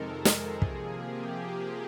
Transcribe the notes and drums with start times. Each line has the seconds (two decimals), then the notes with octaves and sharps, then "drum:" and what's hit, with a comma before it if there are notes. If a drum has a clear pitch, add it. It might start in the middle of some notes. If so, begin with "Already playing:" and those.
Already playing: F2 C3 D#3 G#3 A4 A#4
0.25 G#4, drum: snare
0.62 C3 F3 A#3, drum: kick
0.98 G4